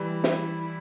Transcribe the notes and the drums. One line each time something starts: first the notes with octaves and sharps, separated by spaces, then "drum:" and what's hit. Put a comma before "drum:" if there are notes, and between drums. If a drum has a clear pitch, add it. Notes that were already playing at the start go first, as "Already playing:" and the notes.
Already playing: E3 G3 E4
drum: snare